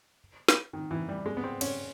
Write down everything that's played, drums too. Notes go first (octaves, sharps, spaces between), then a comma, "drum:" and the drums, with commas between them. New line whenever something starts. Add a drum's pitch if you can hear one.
drum: snare
D#3
E3
G3
G#3
B3
C4
C#4, drum: cymbal